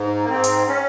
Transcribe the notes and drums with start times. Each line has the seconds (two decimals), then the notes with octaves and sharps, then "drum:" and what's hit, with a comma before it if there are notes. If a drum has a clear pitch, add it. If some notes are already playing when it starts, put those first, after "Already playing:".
Already playing: G#2
0.24 A#3
0.29 G#2 C4
0.44 drum: hi-hat
0.68 C#4